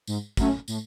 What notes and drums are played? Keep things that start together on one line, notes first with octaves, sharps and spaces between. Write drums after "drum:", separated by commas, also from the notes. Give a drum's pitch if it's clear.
G#2, drum: tambourine
F#3 A3 C#4, drum: kick, tambourine
A2, drum: tambourine